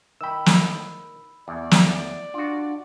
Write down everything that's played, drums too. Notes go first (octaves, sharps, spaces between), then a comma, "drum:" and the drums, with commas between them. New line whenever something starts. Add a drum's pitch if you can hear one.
D#3 G5 B5 E6
drum: snare
E2 D5
drum: snare
D4 F4 F#4